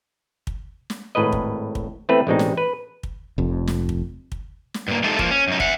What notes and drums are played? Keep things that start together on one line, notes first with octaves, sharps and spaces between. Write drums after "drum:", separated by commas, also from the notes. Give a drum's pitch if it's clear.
drum: kick
drum: snare
G#1 A2 A#4 B4 D#5
drum: kick
drum: kick
E3 A3 B3 C4 B4
A1 B2 G#3 C4 D4 D#4
drum: snare
B4
drum: kick
F1 F2
drum: snare
drum: kick
drum: kick
drum: snare
G2 A#3
G#3 A3 D#4 F4 G4 A4
F3 A#3, drum: kick
C#4
F#2 D#4
E5 F#5, drum: kick